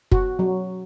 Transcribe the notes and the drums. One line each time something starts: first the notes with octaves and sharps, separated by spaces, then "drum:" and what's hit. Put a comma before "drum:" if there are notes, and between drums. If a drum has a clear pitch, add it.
F#4, drum: kick
F#3